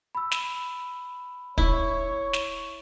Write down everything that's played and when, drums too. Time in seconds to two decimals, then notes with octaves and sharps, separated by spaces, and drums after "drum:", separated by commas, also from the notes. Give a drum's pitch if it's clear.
0.15 B5 E6
0.31 drum: snare
1.58 E4 C#5, drum: kick
2.33 drum: snare